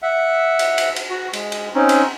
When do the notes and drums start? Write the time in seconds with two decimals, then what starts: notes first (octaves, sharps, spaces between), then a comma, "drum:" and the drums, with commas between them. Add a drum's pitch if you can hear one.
0.02 E5 F#5
0.59 drum: cymbal
0.78 drum: cymbal
0.96 drum: cymbal
1.10 F#4
1.33 G#3, drum: cymbal
1.52 drum: cymbal
1.75 C4 C#4 D#4
1.89 drum: cymbal